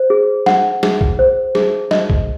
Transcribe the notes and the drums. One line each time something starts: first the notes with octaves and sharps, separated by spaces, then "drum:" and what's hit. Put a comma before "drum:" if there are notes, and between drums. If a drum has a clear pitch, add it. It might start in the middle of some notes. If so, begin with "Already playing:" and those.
Already playing: C5
G#4
F#5, drum: snare
G#4, drum: snare
drum: kick
C5
G#4, drum: snare
D#5, drum: snare
drum: kick